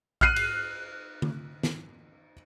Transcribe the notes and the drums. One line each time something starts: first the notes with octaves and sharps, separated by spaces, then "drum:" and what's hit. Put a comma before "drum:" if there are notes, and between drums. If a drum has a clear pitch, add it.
F6 F#6 C7 D#7, drum: kick A#1
drum: cymbal
drum: tom D3
drum: snare